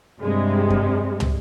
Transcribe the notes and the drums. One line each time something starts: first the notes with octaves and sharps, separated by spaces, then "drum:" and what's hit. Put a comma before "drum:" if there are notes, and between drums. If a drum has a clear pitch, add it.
G2 C3 G#3
drum: kick F2
drum: tom